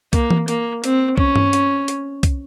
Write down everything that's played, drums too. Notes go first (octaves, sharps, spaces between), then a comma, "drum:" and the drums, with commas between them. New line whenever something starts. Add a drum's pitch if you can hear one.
A#3, drum: kick C2, hi-hat
drum: tom E3
A#3, drum: hi-hat
C4, drum: hi-hat
C#4, drum: kick C2
drum: tom G2
drum: hi-hat
drum: hi-hat
drum: kick C2, hi-hat